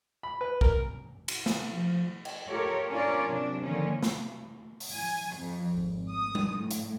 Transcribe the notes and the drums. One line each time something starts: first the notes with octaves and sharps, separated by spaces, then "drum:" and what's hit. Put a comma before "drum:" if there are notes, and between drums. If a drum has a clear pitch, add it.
B5
B4
A#4, drum: kick
drum: cymbal
drum: snare
F3
drum: cymbal
F4 G4 A4 A#4 C#5
C#4 D4 F4 A#4 C#5 D5
C3 F#3 D4
D3 D#3 F3 A#3 C#4
drum: snare
drum: open hi-hat
G#5
F2
G#1
D#6
drum: tom G3
A2
drum: hi-hat